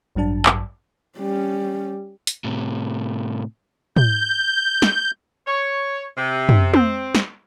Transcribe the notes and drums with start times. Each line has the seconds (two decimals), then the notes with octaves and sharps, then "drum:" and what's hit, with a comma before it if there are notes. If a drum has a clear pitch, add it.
0.15 A1 G2 F#3 D4 A5
0.46 drum: clap
1.18 G3 C#4
2.27 drum: hi-hat
2.44 A2 C3
3.96 G6, drum: tom
4.82 drum: snare
5.47 C#5
6.16 C3
6.49 drum: tom
6.74 C4, drum: tom
7.15 drum: snare